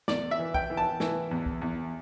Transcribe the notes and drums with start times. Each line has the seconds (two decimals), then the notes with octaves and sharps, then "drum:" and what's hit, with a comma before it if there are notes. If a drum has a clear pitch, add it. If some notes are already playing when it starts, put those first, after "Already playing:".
0.08 E2 D5, drum: snare
0.31 E5
0.39 E3
0.54 G5, drum: kick
0.70 E3
0.77 A5
1.00 E3, drum: snare
1.31 E2
1.46 drum: kick
1.62 E2